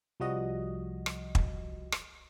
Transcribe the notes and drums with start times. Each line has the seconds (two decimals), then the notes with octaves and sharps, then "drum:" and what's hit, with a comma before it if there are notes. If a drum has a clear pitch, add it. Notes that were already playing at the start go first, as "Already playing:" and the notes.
0.20 C2 F3 G3 F#4 D#5
1.06 drum: rim click
1.35 drum: kick
1.92 drum: rim click